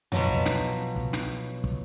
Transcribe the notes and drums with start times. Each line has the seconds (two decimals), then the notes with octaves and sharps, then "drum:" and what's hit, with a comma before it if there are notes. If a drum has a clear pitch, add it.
0.12 B2 F3 F#3, drum: tom F2
0.29 drum: kick
0.46 drum: snare
0.96 drum: kick
1.13 drum: snare
1.64 drum: kick